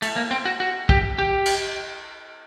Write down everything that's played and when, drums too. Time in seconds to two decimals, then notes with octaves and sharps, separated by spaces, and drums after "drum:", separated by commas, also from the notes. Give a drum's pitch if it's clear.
0.02 A3, drum: cymbal
0.16 A#3
0.31 C4
0.45 F#4
0.60 F#4
0.89 G4, drum: kick
1.18 G4
1.46 drum: cymbal